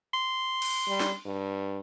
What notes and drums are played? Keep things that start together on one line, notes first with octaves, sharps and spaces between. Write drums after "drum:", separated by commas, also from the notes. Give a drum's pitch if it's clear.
C6
drum: cymbal
G3
drum: snare
G2